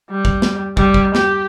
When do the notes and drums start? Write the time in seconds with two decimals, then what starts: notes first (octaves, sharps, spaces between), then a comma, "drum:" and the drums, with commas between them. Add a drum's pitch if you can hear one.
0.10 G3
0.25 drum: kick
0.42 drum: snare
0.77 G3, drum: kick
0.94 drum: kick
1.15 G4, drum: snare